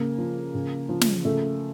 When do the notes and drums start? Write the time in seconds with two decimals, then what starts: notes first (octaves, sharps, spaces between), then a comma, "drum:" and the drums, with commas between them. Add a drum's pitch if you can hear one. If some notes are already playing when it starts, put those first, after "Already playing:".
Already playing: C#3 A#3
0.18 F3
0.54 C#3
0.89 F3
1.01 drum: snare
1.25 C#3 A3